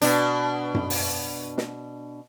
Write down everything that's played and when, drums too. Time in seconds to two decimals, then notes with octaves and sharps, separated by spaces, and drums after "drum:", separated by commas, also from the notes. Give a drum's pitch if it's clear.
0.01 B2 D4, drum: hi-hat
0.74 drum: tom F#2
0.90 drum: open hi-hat
1.58 drum: snare